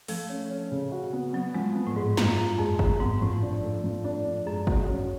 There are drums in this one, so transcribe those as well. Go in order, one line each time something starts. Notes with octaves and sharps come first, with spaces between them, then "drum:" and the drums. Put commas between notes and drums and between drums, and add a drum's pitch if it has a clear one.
F3 A3, drum: open hi-hat
C#4
C#4
C#3
F#4
B3
F#3 B3
F3 G#3
B3
A2
G#2 G#3
F#2 F4, drum: snare
F#2 F4
F2 G#3
F#2 G#3, drum: kick G1
G#2 B3
A2 F3
D4
A3
F3
D4
D4
F#2 G#3
F#4, drum: kick G1
C#4